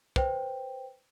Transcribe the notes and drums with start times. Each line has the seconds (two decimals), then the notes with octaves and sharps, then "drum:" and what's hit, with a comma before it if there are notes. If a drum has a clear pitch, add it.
0.16 B4 C5 G5, drum: kick